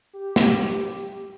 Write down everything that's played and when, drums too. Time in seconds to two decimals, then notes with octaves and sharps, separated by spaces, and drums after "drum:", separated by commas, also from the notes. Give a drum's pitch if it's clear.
0.13 G4
0.36 drum: snare